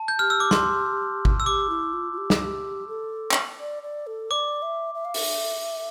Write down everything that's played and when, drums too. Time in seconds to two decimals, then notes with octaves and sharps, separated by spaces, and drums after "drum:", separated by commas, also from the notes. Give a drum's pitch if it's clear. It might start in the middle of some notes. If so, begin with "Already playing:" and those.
Already playing: A5
0.08 G6
0.19 G4 F6
0.30 E6
0.40 D6
0.51 C6, drum: snare
1.25 drum: kick
1.40 E6
1.46 G4 D6
1.70 E4
1.93 F4
2.12 F4
2.18 G4
2.30 drum: snare
2.42 G4
2.88 A4
3.31 drum: clap
3.60 D5
3.83 D5
4.07 A4
4.31 D5 D6
4.62 E5
4.94 E5
5.05 F5
5.14 E5, drum: open hi-hat